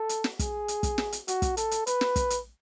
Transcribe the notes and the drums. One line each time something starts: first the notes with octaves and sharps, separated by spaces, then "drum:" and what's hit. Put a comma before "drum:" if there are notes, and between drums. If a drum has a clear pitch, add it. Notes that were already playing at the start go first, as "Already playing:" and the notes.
Already playing: A4
drum: hi-hat
drum: snare
G#4, drum: kick, hi-hat
drum: hi-hat
drum: kick, hi-hat
drum: snare
drum: hi-hat
F#4, drum: hi-hat
drum: kick, hi-hat
A4, drum: hi-hat
drum: hi-hat
B4, drum: hi-hat
drum: snare
drum: kick, hi-hat
drum: hi-hat